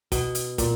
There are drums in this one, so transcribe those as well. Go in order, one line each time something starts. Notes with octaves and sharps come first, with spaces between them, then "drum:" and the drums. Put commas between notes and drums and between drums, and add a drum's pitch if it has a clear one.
B2, drum: kick, hi-hat
drum: hi-hat
A#2, drum: kick, hi-hat